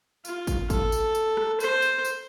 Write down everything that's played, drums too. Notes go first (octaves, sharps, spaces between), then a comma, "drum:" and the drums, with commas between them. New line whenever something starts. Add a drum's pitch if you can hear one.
F4, drum: tambourine
drum: kick, tambourine
A4, drum: kick, tambourine
drum: tambourine
drum: tambourine
drum: rim click
C5, drum: tambourine
drum: tambourine
drum: tambourine